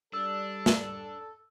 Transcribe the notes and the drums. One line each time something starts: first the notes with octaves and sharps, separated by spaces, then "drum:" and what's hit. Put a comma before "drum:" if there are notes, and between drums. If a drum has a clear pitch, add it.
G3 D4 A4 E6
drum: snare